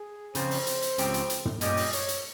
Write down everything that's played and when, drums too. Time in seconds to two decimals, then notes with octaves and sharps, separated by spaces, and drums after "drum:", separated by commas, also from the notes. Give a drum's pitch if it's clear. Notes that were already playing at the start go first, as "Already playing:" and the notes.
Already playing: G#4
0.35 C#3 F3 C4 F4 C5, drum: hi-hat
0.51 drum: open hi-hat
0.67 drum: hi-hat
0.82 drum: hi-hat
0.98 C#2 C#3 F3 C4 G4, drum: hi-hat
1.14 drum: hi-hat
1.30 drum: hi-hat
1.45 drum: tom
1.61 A#2 G3 C#4 G4 D#5, drum: hi-hat
1.77 drum: open hi-hat
1.93 C#5, drum: hi-hat
2.08 drum: hi-hat